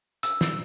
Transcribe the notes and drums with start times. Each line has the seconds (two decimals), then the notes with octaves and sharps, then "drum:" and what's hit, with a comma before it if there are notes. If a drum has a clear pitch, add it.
0.23 E6, drum: hi-hat
0.41 drum: snare